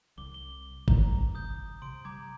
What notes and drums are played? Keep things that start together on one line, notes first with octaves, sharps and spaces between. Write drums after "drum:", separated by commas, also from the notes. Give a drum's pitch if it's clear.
C2 D6 G7
G7
G1 A#5, drum: kick G#1
D#6 G6
C3 C6 D7
G3 A#5 D6 G#6